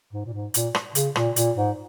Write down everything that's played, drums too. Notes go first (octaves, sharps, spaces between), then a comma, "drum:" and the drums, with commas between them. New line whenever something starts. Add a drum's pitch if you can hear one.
G#2
A#2
G#2
A#2, drum: hi-hat
drum: rim click
C#3, drum: hi-hat
A#2, drum: rim click
A#2, drum: hi-hat
G#2